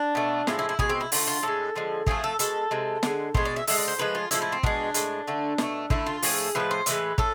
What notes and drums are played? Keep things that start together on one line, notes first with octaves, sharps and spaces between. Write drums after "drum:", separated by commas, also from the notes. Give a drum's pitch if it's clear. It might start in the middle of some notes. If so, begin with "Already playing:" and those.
Already playing: D4
B2 A3
A2 F3 G#3 E4, drum: snare
E4
E4
B2 G#3 G#4, drum: kick
C4
E4
D3 A3 F4, drum: open hi-hat
F4
A2 G#3 A4
D3 F3 G#3
C3 F3 A3 G#4, drum: kick
A4
B2 G#3 A4, drum: hi-hat
C3 G#3
D3 G#3, drum: snare
B2 G#3 C5, drum: kick
D5
E5
D3 G#3 E5, drum: open hi-hat
D5
C5
A2 F3 G#3 B4
F4
A2 F3 G#3 E4, drum: hi-hat
E4
C4
B2 G#3 D4, drum: kick
A2 G#3, drum: hi-hat
D3 A3
B2 A3, drum: snare
D3 A3 E4, drum: kick
F4
A2 F3 A3 G#4, drum: open hi-hat
A2 F3 G#3 B4
C5
A2 E3 G#3 B4, drum: hi-hat
A2 A4, drum: kick